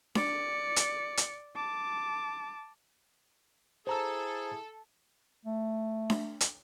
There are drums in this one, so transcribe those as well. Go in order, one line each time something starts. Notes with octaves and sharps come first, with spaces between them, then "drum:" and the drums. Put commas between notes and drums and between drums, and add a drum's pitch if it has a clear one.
D5 C#7, drum: snare D4
drum: hi-hat
drum: hi-hat
A5 D6
E4 G#4 A4 C5 A#5 E6
A3
drum: snare D4
drum: hi-hat